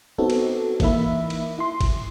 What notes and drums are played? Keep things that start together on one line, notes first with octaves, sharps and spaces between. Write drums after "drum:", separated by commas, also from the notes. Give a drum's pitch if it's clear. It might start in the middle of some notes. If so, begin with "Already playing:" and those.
B3 C4 D#4 F#4 A4
drum: cymbal
E3 A#3 D#4 E5 B5, drum: kick, cymbal
drum: cymbal
E4 C6
drum: kick, cymbal